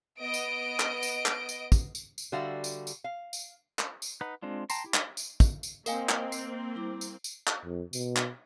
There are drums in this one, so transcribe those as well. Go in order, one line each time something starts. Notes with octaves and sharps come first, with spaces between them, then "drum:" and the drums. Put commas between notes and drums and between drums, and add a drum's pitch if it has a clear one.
B3 D#5 D7
drum: tambourine
drum: clap
drum: tambourine
drum: clap
drum: tambourine
drum: kick, tambourine
drum: tambourine
drum: tambourine
D3 G3 F#4 E5 F5
drum: tambourine
drum: tambourine
F5
drum: tambourine
drum: clap
drum: tambourine
D#4 B4 F#5
G#3 C4 D4 F4
G5 A5 A#5 C6, drum: tambourine
E4 G4
drum: clap
drum: tambourine
drum: kick, tambourine
drum: tambourine
A#3 C4 A#4 D#5 F5 G5 G#5, drum: tambourine
drum: clap
C7, drum: tambourine
G3 E4 D6
drum: tambourine
drum: tambourine
drum: clap
F2
B2, drum: tambourine
drum: clap